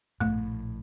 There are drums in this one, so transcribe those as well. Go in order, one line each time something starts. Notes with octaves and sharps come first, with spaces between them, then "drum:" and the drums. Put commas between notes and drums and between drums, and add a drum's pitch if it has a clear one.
A#1 A2 A3, drum: tom G2